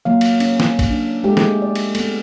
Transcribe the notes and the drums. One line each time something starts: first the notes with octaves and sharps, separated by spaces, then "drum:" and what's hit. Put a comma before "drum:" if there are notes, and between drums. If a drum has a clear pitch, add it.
F#3 A#3 F5
drum: cymbal
C#4, drum: cymbal
drum: snare
drum: kick, cymbal
D4
G#3 A3 G4
drum: snare
D5
drum: cymbal
A3 B3, drum: cymbal